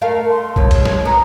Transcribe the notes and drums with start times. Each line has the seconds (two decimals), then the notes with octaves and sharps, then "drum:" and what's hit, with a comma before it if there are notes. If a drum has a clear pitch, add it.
0.01 A3 A#4 F5
0.30 C6
0.56 G2 B2 B4 C#5, drum: kick B1
0.71 drum: cymbal
0.85 drum: snare
1.05 B3 A#5